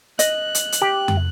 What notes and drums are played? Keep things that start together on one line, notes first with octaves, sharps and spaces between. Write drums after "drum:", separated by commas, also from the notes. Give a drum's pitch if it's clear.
D#5 F#6, drum: hi-hat
drum: hi-hat
drum: hi-hat
G4
drum: tom F2